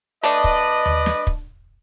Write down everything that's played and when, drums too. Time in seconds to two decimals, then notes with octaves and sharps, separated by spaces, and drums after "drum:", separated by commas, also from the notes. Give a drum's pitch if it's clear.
0.24 A3 D4 B4 D5 D#5
0.44 drum: kick
0.86 drum: tom D#2
1.06 drum: snare
1.27 drum: kick